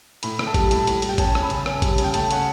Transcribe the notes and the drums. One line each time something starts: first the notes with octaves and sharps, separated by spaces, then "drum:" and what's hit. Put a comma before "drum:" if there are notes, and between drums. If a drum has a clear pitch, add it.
A2 B5, drum: hi-hat
A2, drum: rim click
A5
G3, drum: kick A1, hi-hat
A2 A5, drum: hi-hat
A2, drum: hi-hat
G3, drum: hi-hat
G5
C#4 A5, drum: kick A1, hi-hat
C#4, drum: rim click
B5
C#3, drum: hi-hat
C#4, drum: rim click
G3, drum: kick A1, hi-hat
C#3, drum: hi-hat
G5
A3 A5, drum: hi-hat
C#4 F#5, drum: hi-hat